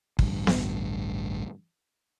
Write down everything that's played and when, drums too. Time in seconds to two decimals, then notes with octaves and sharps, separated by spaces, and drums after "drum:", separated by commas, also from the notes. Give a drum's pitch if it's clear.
0.19 A1 D2 G2, drum: kick
0.47 drum: snare B3